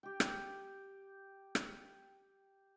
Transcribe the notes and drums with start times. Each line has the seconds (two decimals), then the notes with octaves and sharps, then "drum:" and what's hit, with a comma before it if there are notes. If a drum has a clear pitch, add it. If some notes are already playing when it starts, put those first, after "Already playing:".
0.03 G4 G5
0.20 drum: rim click
1.55 drum: rim click